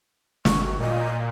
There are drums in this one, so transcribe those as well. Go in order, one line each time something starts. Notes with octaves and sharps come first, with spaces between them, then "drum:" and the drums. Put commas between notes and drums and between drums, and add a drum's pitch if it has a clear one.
G1 C#6, drum: snare
F#4
A#2 D#5